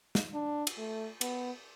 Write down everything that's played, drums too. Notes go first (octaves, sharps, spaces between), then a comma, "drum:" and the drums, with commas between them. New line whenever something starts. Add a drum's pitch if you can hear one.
drum: snare
D4
drum: cymbal
A3
B3, drum: cymbal